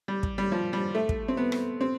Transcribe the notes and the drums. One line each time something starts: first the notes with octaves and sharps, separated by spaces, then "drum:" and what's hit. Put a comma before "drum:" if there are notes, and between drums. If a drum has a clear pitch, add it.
G3
drum: kick
G3
F3
G3
A3
drum: kick
C4
B3
drum: rim click
C4